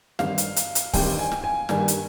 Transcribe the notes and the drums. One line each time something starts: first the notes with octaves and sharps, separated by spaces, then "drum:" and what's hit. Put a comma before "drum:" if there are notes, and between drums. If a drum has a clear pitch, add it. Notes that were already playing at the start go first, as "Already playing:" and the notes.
A1 G2 D#3 G3 C4 F5, drum: snare
drum: hi-hat
drum: hi-hat
drum: hi-hat
A1 G2 D#3 G3 C4 G5, drum: kick C#1, open hi-hat
G#5
drum: snare
G#5
G2 D#3 G3 A#3 G#5, drum: snare
drum: hi-hat